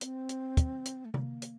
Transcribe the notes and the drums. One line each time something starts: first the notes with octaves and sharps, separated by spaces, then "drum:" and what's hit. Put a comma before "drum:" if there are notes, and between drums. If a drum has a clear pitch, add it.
C4, drum: hi-hat
drum: hi-hat
drum: kick, hi-hat
drum: hi-hat
A3
A#3, drum: tom C3
drum: hi-hat